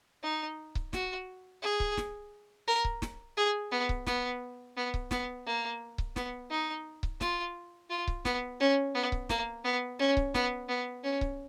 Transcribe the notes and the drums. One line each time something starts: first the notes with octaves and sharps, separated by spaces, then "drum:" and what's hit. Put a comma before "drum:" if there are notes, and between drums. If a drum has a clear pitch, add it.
D#4
drum: kick C#1
F#4, drum: snare
G#4
drum: kick C#1
drum: snare
A#4
drum: kick C#1
drum: snare
G#4
B3
drum: kick C#1
B3, drum: snare
B3
drum: kick C#1
B3, drum: snare
A#3
drum: kick C#1
B3, drum: snare
D#4
drum: kick C#1
F4, drum: snare
F4
drum: kick C#1
B3, drum: snare
C#4
B3
drum: kick C#1
A#3, drum: snare
B3
C#4
drum: kick C#1
B3, drum: snare
B3
C#4
drum: kick C#1